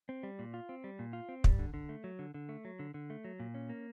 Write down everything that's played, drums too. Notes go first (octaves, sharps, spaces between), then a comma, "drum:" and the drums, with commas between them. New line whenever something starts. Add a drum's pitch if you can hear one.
C4
G3
A#2
F4
C4
G3
A#2
F4
C4
G3, drum: kick
D3
D3
A3
F#3
D3
D3
A3
F#3
D3
D3
A3
F#3
A#2
C#4
A#3